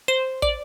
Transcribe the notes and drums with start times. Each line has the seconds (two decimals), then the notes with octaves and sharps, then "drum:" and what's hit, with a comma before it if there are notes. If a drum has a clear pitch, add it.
0.08 C5
0.42 D5, drum: kick